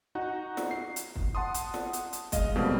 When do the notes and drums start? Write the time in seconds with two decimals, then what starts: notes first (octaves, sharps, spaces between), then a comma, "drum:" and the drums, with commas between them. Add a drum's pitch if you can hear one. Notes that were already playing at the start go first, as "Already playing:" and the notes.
0.15 D#4 F#4 F#5
0.57 drum: snare
0.71 C7
0.96 drum: hi-hat
1.16 drum: kick
1.35 F#5 A5 C6 D#6
1.54 drum: hi-hat
1.74 drum: snare
1.93 drum: hi-hat
2.13 drum: hi-hat
2.32 G#3 D#5 F5, drum: kick, hi-hat
2.55 F2 B2 G3 A#3 C4 D#4